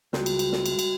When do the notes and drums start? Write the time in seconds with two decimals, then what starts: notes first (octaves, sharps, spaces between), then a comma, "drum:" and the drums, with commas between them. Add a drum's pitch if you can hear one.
0.13 C#2 G3 F#4, drum: snare
0.26 drum: cymbal
0.39 drum: cymbal
0.52 drum: snare
0.66 drum: cymbal
0.79 drum: cymbal